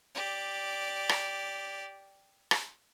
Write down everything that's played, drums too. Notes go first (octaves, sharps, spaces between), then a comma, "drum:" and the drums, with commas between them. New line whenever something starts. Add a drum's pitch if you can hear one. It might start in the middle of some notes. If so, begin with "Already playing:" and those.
G4 D5
drum: rim click
drum: rim click